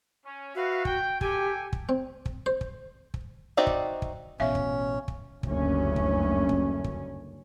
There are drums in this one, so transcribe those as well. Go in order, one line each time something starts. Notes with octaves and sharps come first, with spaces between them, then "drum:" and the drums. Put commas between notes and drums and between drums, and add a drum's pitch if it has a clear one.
C#4
F#4 B4 E5 F5
G5, drum: kick
G4 A4 G5 G#5, drum: kick
drum: kick
C4
drum: kick
C5
drum: kick
drum: kick
C4 D#4 F#4 D5 E5
drum: kick
drum: kick
A1 B2 C#4 E5 F5
drum: kick
drum: kick
F#1 D2 G2 C#4, drum: kick
drum: kick
drum: kick
drum: kick